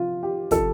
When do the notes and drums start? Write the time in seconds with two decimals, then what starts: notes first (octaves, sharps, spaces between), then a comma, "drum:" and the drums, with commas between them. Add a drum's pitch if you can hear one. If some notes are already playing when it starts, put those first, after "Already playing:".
Already playing: C3 F3 F4
0.23 G4
0.51 C3 F3 A4, drum: kick, hi-hat